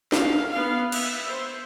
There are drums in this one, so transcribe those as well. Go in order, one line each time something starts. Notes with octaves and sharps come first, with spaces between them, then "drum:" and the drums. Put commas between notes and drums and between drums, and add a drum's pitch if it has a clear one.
F5, drum: snare
B3 F5
E5, drum: cymbal
C5